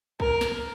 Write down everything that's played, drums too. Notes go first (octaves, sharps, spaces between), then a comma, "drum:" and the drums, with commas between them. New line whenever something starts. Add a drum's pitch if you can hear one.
A#4, drum: kick B1
drum: snare